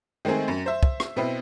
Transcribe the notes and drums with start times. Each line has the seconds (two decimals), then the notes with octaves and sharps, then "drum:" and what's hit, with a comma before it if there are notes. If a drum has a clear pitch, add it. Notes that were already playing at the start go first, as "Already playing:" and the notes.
0.25 D#3 G#3 A3 C4 G#4
0.48 F#2
0.66 C5 E5
0.83 drum: kick
1.00 drum: rim click
1.16 B2 B3 C4 E4